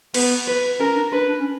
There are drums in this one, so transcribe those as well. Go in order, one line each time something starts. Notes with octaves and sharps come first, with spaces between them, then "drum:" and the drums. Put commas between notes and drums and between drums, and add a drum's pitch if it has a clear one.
B3 B4, drum: cymbal
B4
C#4 A#4
D4
D4 B4
D4
C#4